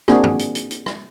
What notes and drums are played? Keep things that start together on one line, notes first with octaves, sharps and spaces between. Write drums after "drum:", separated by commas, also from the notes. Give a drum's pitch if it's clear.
A#3 C4 D4 F#4 G#4, drum: rim click
drum: tom
drum: hi-hat
drum: hi-hat
drum: hi-hat
drum: rim click